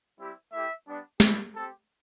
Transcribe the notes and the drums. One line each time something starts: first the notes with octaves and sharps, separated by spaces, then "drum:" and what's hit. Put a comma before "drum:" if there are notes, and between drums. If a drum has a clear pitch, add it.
G3 C4 E4 G4
A3 E4 G4 E5
G3 B3 D4
C4 E4 G4, drum: snare
C4 G4 A4